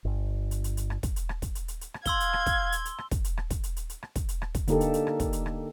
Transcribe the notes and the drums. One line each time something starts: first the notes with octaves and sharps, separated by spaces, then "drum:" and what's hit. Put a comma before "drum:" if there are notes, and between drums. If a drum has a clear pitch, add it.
G1
drum: hi-hat
drum: hi-hat
drum: hi-hat
drum: rim click
drum: kick, hi-hat
drum: hi-hat
drum: rim click
drum: kick, hi-hat
drum: hi-hat
drum: hi-hat
drum: hi-hat
drum: rim click
F5 C6 E6 G#6 G7, drum: kick, hi-hat
drum: hi-hat
drum: rim click
drum: kick, hi-hat
drum: hi-hat
drum: hi-hat
drum: rim click
drum: kick, hi-hat
drum: hi-hat
drum: rim click
drum: kick, hi-hat
drum: hi-hat
drum: hi-hat
drum: hi-hat
drum: rim click
drum: kick, hi-hat
drum: hi-hat
drum: rim click
drum: kick, hi-hat
D3 A#3 D#4 G4 A4, drum: hi-hat
drum: hi-hat
drum: hi-hat
drum: rim click
drum: kick, hi-hat
drum: hi-hat
drum: rim click